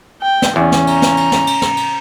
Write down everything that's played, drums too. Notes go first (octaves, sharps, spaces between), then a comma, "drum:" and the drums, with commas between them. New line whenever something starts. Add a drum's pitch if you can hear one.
G5
drum: snare
E2 C#4 D5
drum: snare
A#5, drum: cymbal
drum: snare
drum: cymbal
drum: snare
drum: cymbal
drum: snare
drum: cymbal